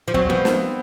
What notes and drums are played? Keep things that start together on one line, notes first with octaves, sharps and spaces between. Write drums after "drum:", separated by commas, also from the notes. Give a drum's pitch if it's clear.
F3
F#3 C4, drum: kick
F3 B3
drum: snare